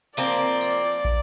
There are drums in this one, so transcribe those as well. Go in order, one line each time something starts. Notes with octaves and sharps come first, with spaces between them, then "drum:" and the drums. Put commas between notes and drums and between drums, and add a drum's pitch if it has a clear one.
F3 A#3 C4 D5, drum: tambourine
drum: tambourine
drum: kick